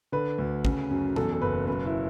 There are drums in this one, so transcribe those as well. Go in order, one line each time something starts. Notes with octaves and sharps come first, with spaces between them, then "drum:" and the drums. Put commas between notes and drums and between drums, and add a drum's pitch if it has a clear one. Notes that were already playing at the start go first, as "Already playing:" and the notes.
D3 B4
D2
C#3, drum: kick
F#2
E2 A4, drum: tom
A4
F#1 B4
F#2 B4
E4